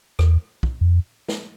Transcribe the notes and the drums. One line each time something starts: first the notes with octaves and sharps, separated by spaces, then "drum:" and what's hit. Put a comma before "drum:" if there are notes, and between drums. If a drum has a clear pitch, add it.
E2, drum: rim click
drum: kick
F2
drum: snare